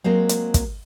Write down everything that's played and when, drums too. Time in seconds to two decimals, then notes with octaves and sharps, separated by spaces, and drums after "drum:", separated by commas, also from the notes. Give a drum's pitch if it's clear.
0.04 F#3 G#3 A#3 C4
0.29 drum: hi-hat
0.54 drum: kick, hi-hat